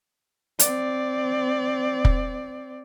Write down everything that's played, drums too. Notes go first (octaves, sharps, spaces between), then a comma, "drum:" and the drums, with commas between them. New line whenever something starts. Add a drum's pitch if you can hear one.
C4 D5, drum: hi-hat
drum: kick